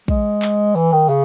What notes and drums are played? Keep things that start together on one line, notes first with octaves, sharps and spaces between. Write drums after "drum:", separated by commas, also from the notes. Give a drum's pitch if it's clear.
G#3, drum: kick, tambourine
drum: clap
E3, drum: tambourine
D#3
C#3, drum: tambourine